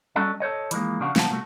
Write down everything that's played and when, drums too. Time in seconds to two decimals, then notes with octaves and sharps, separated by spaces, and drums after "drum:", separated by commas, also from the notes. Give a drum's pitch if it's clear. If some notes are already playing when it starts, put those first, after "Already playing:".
0.16 G3 C#4 F#4 A4 D5 D#5
0.40 A4 C5 C#5 D#5
0.71 E3 F3 G#3 A#3, drum: hi-hat
1.00 C#3 F3 D4 F4 F#4
1.16 C2 F3 A#3 F#5 A5, drum: snare
1.30 C2 A3 F#4